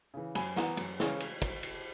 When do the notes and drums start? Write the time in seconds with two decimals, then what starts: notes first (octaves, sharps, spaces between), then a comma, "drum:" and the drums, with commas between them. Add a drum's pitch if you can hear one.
0.14 C#3 E3
0.35 F#2 G#5 B5, drum: cymbal
0.56 E3 B3 F#5 A#5, drum: snare
0.77 F#2, drum: cymbal
1.00 C#3 E3 G#3 C#4, drum: snare
1.20 drum: cymbal
1.42 drum: kick, cymbal
1.63 drum: cymbal